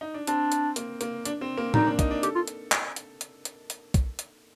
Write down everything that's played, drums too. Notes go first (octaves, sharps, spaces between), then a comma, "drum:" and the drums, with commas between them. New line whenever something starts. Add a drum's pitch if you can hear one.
D#4
D4
C4 D4, drum: hi-hat
drum: hi-hat
A#3, drum: hi-hat
A#3, drum: hi-hat
D4, drum: hi-hat
C4
A#3
D4 D#4, drum: tom
D4
D#4, drum: kick, hi-hat
D4
G4 A4, drum: hi-hat
F4
drum: hi-hat
drum: clap
drum: hi-hat
drum: hi-hat
drum: hi-hat
drum: hi-hat
drum: kick, hi-hat
drum: hi-hat